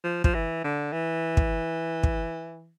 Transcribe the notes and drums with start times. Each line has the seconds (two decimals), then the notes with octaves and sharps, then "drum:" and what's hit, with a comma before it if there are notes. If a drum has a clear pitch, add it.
0.04 F3
0.24 F3, drum: kick
0.34 E3
0.64 D3
0.92 E3
1.37 drum: kick
2.03 drum: kick